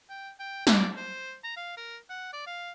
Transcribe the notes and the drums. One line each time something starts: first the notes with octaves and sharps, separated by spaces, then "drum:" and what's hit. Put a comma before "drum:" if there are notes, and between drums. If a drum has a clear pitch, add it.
G5
G5
D5, drum: snare
C5
A#5
F5
A#4
F#5
D5
F5